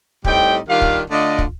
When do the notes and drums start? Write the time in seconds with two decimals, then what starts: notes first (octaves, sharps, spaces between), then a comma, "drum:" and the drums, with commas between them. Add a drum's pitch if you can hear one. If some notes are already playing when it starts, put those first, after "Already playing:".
0.24 A2 G3 C4 D#4 G5, drum: kick
0.67 D#3 G3 D4 F4 F5
0.82 drum: kick
1.10 D3 A3 D4 F4 D#5
1.38 drum: kick